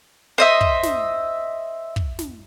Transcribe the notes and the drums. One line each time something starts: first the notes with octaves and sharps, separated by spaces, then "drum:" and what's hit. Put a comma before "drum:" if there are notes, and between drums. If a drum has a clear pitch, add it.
C5 D#5 E5
drum: kick
drum: snare
drum: kick
drum: snare